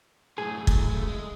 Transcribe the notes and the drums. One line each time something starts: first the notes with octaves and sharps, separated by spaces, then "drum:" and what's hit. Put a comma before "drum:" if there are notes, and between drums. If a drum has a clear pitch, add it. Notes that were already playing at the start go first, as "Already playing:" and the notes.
F#2 A2 G#4
F#3 A3, drum: kick
C#3 A3
G#3